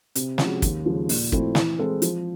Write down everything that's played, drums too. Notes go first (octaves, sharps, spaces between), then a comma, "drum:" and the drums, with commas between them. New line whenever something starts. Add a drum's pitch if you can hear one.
C3, drum: hi-hat
F3 G#3 C#4 F#4, drum: snare
D#2, drum: kick, hi-hat
C#3 F3 G#3
A#2, drum: open hi-hat
F3 A3 C4 E4, drum: kick
E3, drum: snare
G#3 C4 E4 A4
F3, drum: hi-hat